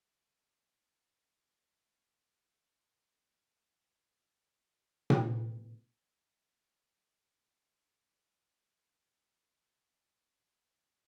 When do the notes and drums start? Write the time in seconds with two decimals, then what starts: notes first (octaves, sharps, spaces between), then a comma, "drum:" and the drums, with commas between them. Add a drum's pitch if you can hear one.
0.11 D3 D5 A#5 B5
3.13 G2 C3 B5
3.65 D#5 A#5
4.44 C4 D#4 B4 E5
5.10 drum: tom A#2
6.43 G2 C3
6.71 A3 C#5
7.21 F5
9.50 A3 D4
9.76 G2 C6
10.14 D#2 A4
10.35 E3 G#5
10.67 G#3 F#4
10.86 C#2 B2